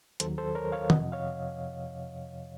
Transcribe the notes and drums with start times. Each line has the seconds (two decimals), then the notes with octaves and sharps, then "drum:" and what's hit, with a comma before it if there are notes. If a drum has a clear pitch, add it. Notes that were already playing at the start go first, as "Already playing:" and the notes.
0.20 D#2 D#3 F#3 A4 C5, drum: hi-hat
0.38 A4 C5
0.55 A#4 C#5
0.72 C#5 F5
0.90 F2 C3 F3 D#5 F#5, drum: tom D#3
1.12 C#5 F5